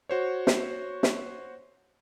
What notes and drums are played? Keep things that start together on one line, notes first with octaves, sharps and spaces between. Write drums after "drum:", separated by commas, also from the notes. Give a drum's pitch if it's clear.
F#4 C5 C#5
drum: snare
drum: snare